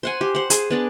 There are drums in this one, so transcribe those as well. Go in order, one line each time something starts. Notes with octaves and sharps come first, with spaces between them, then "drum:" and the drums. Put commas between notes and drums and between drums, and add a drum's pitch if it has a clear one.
C5 F#5 G#5
G4
C5 F#5
G#4, drum: hi-hat
B3 D4 D5